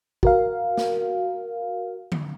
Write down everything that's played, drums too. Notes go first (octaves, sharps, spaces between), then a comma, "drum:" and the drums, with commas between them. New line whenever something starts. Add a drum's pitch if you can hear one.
F#4 A#4 F5, drum: kick
drum: snare
drum: tom D3